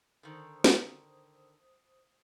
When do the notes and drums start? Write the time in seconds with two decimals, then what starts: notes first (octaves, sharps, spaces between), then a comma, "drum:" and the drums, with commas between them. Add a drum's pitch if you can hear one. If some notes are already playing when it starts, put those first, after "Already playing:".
0.23 D3 D#3 C5 D#6
0.64 drum: snare